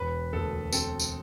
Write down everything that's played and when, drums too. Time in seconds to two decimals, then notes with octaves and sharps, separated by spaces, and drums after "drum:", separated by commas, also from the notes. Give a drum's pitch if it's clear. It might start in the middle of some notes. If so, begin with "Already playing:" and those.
Already playing: E1 B4
0.33 D2 A4
0.73 C4 A4, drum: tambourine
0.99 drum: tambourine